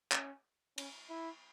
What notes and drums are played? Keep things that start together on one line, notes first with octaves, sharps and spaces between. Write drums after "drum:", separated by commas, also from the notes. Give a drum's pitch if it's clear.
C#4, drum: clap
C#4, drum: cymbal
E4